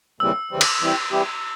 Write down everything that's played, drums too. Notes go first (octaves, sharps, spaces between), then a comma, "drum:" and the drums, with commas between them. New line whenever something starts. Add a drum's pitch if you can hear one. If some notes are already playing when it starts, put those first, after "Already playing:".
D#2 C#3 E3 G3 C4 E6
D#2 C#3 E3 G3 C4
drum: cymbal
E3 G3 C4 E4 G4
E3 G3 C4 E4 G4